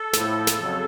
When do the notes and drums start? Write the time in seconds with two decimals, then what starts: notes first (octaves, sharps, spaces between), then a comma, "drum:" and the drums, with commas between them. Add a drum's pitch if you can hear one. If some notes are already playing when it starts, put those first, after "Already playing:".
Already playing: A4
0.13 A2 F3, drum: snare
0.47 drum: snare
0.58 F2 C#3 F#3